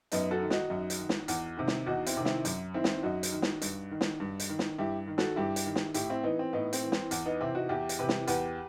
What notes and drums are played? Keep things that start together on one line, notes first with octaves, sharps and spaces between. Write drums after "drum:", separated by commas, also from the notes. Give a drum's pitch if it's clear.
F#2 B3 D#4, drum: hi-hat
F#4 A4
D#3
D#4 F#4, drum: snare
F#2
drum: hi-hat
D#3
drum: snare
E2, drum: hi-hat
C3 D#3
drum: snare
E2 D#4 F#4
C4 E4, drum: hi-hat
C3 D#3
C4 E4, drum: snare
F#2, drum: hi-hat
D#3 C4 E4
drum: snare
F#2 D#4 F#4
drum: hi-hat
D#3
drum: snare
G2, drum: hi-hat
D#3
drum: snare
G2
drum: hi-hat
D#3
drum: snare
G2 E4 G4
D#3
F#4 A4, drum: snare
G2 E4 G4
drum: hi-hat
D#3
drum: snare
A2 E4 G4, drum: hi-hat
C4 E4
E3 B3 D#4
C4
A2 B3 D#4
C4, drum: hi-hat
E3
C4, drum: snare
E2, drum: hi-hat
B3 D#4
C3 E3 C4 E4
D#4 F#4
E2 E4 G4
drum: hi-hat
C3 E3 G4 B4
drum: snare
E2 G4 B4, drum: hi-hat